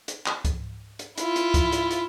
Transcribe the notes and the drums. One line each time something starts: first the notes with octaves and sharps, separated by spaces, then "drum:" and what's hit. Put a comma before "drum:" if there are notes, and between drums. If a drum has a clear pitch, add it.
drum: hi-hat
drum: clap
drum: kick C#2, hi-hat
drum: hi-hat
E4 F4, drum: hi-hat
drum: hi-hat
drum: kick C#2, hi-hat
drum: hi-hat
drum: hi-hat